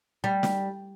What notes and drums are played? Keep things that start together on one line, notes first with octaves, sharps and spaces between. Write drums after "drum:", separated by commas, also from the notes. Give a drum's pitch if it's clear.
G3
drum: snare